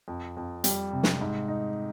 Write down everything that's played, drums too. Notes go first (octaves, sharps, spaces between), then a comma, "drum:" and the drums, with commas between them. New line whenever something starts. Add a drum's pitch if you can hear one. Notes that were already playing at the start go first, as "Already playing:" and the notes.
F2
F2
G3, drum: hi-hat
C3
drum: snare
G#2
D#4